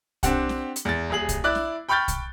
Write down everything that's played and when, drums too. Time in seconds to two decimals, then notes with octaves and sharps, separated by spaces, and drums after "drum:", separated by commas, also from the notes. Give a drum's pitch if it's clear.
0.23 C4 D4 G4 F#5, drum: kick, hi-hat
0.49 drum: snare
0.76 drum: hi-hat
0.85 E2 A6
1.10 D#1 G#4 F#7
1.29 drum: kick, hi-hat
1.44 E4 D5 F#6
1.55 drum: snare
1.89 G5 B5 C#6 F6 G6 A6
2.08 drum: kick, hi-hat